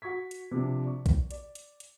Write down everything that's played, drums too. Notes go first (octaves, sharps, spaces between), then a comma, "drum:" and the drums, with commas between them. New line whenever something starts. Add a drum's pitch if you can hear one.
F#4 C#6 G#6 B6
drum: hi-hat
C3 F3 D4
D5 C#6
drum: kick B1, hi-hat
D5, drum: hi-hat
drum: hi-hat
drum: hi-hat